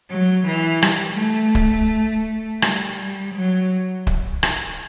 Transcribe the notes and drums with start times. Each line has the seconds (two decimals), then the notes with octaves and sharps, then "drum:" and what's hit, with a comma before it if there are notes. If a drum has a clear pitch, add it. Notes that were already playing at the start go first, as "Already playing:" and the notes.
0.11 F#3
0.47 E3
0.82 G3, drum: rim click
1.18 A3
1.55 drum: kick
2.62 G3, drum: rim click
3.35 F#3
4.07 drum: kick
4.43 drum: rim click